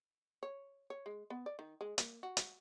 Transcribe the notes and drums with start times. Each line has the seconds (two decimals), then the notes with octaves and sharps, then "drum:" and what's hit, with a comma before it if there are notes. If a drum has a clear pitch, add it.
0.43 C#5
0.90 C#5
1.06 G#3
1.30 B3
1.46 D5
1.59 D#3
1.81 G#3
1.98 A#3, drum: hi-hat
2.23 F#4
2.37 drum: hi-hat